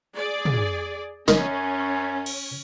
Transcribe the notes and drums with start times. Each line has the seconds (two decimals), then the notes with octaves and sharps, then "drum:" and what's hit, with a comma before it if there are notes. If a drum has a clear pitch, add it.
0.15 G#4 D5
0.45 drum: tom
1.28 F#2 C#4 D#4 A#4, drum: snare
2.26 drum: cymbal